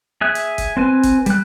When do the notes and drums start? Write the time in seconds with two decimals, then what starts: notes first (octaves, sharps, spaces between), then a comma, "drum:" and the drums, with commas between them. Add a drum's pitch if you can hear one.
0.21 G#4 E5 F#6
0.35 drum: hi-hat
0.58 drum: kick F#1, hi-hat
0.77 C4 B4 G#5
1.04 drum: kick F#1, hi-hat
1.26 G3 F#6, drum: hi-hat